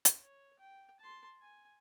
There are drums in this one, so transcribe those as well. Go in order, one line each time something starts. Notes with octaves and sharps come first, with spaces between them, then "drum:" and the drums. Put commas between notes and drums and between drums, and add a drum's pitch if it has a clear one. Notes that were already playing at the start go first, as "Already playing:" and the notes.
drum: hi-hat
C#5
G5
A5 C6
G#5